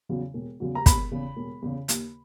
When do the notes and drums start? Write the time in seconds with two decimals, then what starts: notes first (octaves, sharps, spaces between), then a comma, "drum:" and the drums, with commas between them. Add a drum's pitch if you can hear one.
0.09 E2 C#3 F#3
0.34 E1
0.60 E2 C#3 F#3
0.75 A#5
0.86 E1 B5, drum: kick, hi-hat
1.11 E2 C#3
1.37 E1
1.62 E2 C#3
1.88 D#2, drum: hi-hat